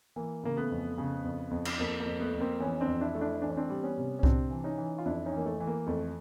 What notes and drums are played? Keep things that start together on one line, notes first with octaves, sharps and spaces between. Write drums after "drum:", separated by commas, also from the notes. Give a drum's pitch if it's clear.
E3 A#3
C#3 A#3
A3 B3
F2
C#3
F2
F2
drum: cymbal
F2 A#3
A#3
F2
A3 B3
F2
A#3 C4
E3 B3 C#4
C4 D4
F2
D4 E4
A3
D4 E4
E3 D4
C#4
C4 D4
G3
B3 C#4
C3
C#4
C3 C4 D4, drum: kick C2
E3
C#4 D#4
E3
F4
F2 D4 E4
C#4 D#4
E3 A#3
A3
E3
A#3
F2 A3